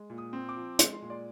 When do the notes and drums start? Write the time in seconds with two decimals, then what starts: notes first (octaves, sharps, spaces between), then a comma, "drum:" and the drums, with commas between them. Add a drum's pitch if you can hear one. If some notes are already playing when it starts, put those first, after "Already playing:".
Already playing: G#3
0.10 A#2
0.18 D#6
0.33 C4
0.49 D6
0.56 F3
0.79 G#3 C6, drum: hi-hat
1.02 A#2
1.10 D5